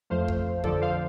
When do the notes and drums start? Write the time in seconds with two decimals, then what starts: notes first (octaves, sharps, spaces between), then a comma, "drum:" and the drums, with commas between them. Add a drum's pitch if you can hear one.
0.10 F2 F3 A3 C5 F5
0.28 drum: kick
0.64 F2 D3 F3 A4 D5, drum: kick
0.82 C5 F5